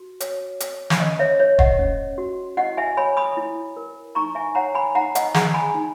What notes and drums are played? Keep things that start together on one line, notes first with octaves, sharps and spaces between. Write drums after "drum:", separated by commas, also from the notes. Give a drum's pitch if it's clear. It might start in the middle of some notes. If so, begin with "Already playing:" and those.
Already playing: F#4
C#5, drum: hi-hat
C#5, drum: hi-hat
drum: snare
C#4 D#5
C#5 E5
C#5 E5
D#5 F#5, drum: kick E1
C#4
F#4
E4 D#5 F#5
E5 G#5
C#5 G#5 B5
B5 D#6
E4
A#4
D#4 A#5 C#6
E5 G#5
C#5 F#5 A#5
G#5 B5
D#4 F#5 A#5
D#5 F#5, drum: hi-hat
G#4 F#5 A#5, drum: snare
G#5 B5
D#4